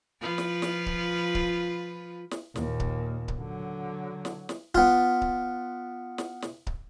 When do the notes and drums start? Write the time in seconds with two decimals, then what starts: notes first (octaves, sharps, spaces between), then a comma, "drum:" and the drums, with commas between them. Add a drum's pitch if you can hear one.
0.20 F3 F4 B4
0.38 drum: snare
0.62 drum: snare
0.86 drum: kick C#1
1.35 drum: kick C#1
2.31 drum: snare
2.56 D#2 A#2, drum: snare
2.80 drum: kick C#1
3.28 drum: kick C#1
3.39 D3 F#3
4.25 drum: snare
4.49 drum: snare
4.75 B3 F4, drum: kick C#1
5.22 drum: kick C#1
6.18 drum: snare
6.42 drum: snare
6.67 drum: kick C#1